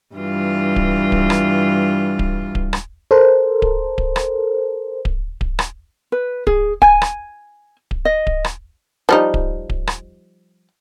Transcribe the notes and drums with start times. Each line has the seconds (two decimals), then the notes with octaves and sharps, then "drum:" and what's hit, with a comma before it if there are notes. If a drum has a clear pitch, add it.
0.15 G2 E3 F4
0.76 drum: kick D1
1.12 drum: kick D1
1.30 drum: rim click
2.19 drum: kick D1
2.55 drum: kick D1
2.73 drum: rim click
3.11 A4 A#4 C5
3.62 drum: kick D1
3.98 drum: kick D1
4.16 drum: rim click
5.05 drum: kick D1
5.41 drum: kick D1
5.59 drum: rim click
6.12 B4
6.47 G#4, drum: kick D1
6.82 G#5, drum: kick D1
7.02 drum: rim click
7.91 drum: kick D1
8.05 D#5
8.27 drum: kick D1
8.45 drum: rim click
9.09 F3 G3 D#4
9.34 drum: kick D1
9.70 drum: kick D1
9.87 drum: rim click